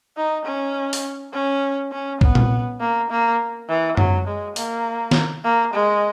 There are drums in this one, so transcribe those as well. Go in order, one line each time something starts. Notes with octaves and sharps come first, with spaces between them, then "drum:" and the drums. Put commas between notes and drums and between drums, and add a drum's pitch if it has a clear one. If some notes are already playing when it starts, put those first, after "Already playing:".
D#4
C#4
drum: open hi-hat
C#4
C#4
B3, drum: kick
drum: tom A#2
A#3
A#3
E3
F#3, drum: tom F#2
G#3
A#3, drum: open hi-hat
drum: snare
A#3
G#3